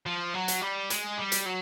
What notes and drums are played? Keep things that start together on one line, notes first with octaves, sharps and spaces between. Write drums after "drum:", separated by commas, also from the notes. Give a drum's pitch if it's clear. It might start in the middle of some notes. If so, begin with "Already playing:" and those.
F3
F#3
drum: hi-hat
G3
G#3, drum: hi-hat
G3
drum: hi-hat
F#3